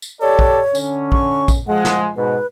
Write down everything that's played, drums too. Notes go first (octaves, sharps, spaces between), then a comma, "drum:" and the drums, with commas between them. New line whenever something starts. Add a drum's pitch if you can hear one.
drum: tambourine
G4 A4 C#5 D5
drum: kick A#1
D3 C#4, drum: tambourine
C#6, drum: kick A#1
drum: kick A#1, tambourine
F3 G#3 F#5
drum: snare
G#2 B2 B4